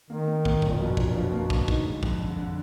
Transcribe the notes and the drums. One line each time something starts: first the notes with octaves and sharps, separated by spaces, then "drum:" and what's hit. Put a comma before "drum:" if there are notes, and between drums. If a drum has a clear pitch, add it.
D#3 A#3
A#3
A#3, drum: kick
F#2, drum: kick
A#2
F2 B2
A#2 D4, drum: kick
B2 F3
A#3
D3, drum: kick
D#4, drum: kick
G#3
F2, drum: kick
D3
D3